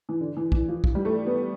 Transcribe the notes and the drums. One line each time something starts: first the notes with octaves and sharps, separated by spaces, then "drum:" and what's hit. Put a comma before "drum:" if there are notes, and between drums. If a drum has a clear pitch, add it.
E3
D3
E3
E3, drum: kick
F3
F3, drum: kick
G3
A3
B3